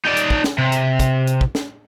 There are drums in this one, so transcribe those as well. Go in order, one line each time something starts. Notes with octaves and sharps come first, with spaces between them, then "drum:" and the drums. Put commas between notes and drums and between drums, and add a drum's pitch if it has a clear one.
D#4 D5
drum: hi-hat
drum: kick
drum: snare
C3
drum: hi-hat
drum: kick, hi-hat
drum: hi-hat
drum: kick
drum: snare